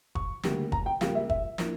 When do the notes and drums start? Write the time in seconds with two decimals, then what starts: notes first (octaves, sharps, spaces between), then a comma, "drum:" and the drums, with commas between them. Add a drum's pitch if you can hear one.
0.15 C#6, drum: kick
0.43 D2 C#3 G3 A#3, drum: snare
0.72 A#5, drum: kick
0.86 G5
1.01 C#2 C#3 G3 A#3 F5, drum: snare
1.15 E5
1.29 E5, drum: kick
1.58 A2 F3 A#3 D4, drum: snare